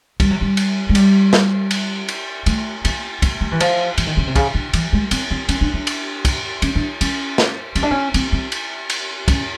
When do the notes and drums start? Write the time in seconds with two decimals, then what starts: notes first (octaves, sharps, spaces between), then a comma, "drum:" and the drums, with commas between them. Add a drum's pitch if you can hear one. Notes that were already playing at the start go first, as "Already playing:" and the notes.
0.20 G3, drum: kick, cymbal
0.30 F#3
0.41 G3
0.57 drum: cymbal
0.89 G#3
0.95 G3, drum: cymbal
1.33 drum: snare
1.71 drum: cymbal
2.08 drum: cymbal
2.46 A3, drum: cymbal
2.85 A#3, drum: cymbal
3.22 A#3, drum: kick, cymbal
3.41 A3
3.52 E3
3.60 F3, drum: cymbal
3.98 E3, drum: cymbal
4.07 D#3
4.17 C#3
4.27 C3
4.36 C#3, drum: kick, cymbal
4.54 D3
4.73 E3, drum: cymbal
4.93 G#3
5.11 C4, drum: cymbal
5.31 C4
5.49 C#4, drum: cymbal
5.61 D4
5.74 D4
5.87 drum: cymbal
6.25 drum: kick, cymbal
6.62 C#4, drum: cymbal
6.75 D4
7.01 C#4, drum: cymbal
7.38 drum: snare
7.75 C#4, drum: cymbal
7.83 D4
7.91 C#4
8.14 C4, drum: cymbal
8.32 C4
8.52 drum: cymbal
8.90 drum: cymbal
9.28 C#4, drum: kick, cymbal